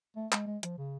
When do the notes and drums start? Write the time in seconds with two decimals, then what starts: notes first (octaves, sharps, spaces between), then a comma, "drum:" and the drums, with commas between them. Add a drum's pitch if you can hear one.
0.16 A3
0.32 G#3, drum: clap
0.47 G#3
0.63 F3, drum: hi-hat
0.78 C#3